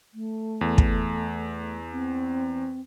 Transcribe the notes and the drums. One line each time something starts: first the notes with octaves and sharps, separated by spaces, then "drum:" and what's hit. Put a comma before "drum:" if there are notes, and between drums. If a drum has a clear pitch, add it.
A3
E2
drum: kick
C4